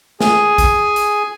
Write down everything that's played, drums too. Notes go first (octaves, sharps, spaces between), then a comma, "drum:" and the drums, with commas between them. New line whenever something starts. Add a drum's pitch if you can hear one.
G#4 G#5, drum: snare
drum: kick A#1, hi-hat
drum: hi-hat